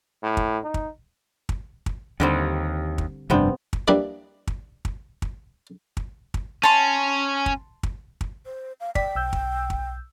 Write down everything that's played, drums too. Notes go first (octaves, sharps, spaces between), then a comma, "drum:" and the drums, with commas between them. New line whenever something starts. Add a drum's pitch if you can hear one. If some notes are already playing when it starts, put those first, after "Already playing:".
A2
drum: kick
D#4
drum: kick
drum: kick
drum: kick
D#2 D3 G3 C4
drum: kick
F1 G2 C3 B3 C4 D4
drum: kick
G3 A#3 D4 E4 B4 D#5
drum: kick
drum: kick
drum: kick
drum: kick
drum: kick
C#4 A5 C6
drum: kick
drum: kick
drum: kick
C5
F5
D5 G5 B6, drum: kick
B1 E6 G6
drum: kick
drum: kick